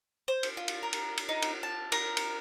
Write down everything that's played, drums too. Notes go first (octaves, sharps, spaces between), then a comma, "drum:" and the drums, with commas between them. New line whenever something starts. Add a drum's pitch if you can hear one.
C5
drum: cymbal
F4
drum: cymbal
A#4
drum: cymbal
drum: cymbal
D#4
drum: cymbal
A5
A#4, drum: cymbal
drum: cymbal